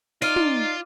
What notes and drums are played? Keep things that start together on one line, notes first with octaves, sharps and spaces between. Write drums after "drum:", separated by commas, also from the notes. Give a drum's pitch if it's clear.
D#4 F4 D5 F6 D#7
drum: tom